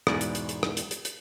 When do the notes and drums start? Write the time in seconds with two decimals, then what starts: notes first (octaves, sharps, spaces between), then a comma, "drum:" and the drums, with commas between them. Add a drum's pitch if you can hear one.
0.07 E2 G#2 B2 D5, drum: rim click
0.21 drum: hi-hat
0.35 drum: hi-hat
0.49 drum: hi-hat
0.63 drum: rim click
0.77 drum: hi-hat
0.91 drum: hi-hat
1.05 drum: hi-hat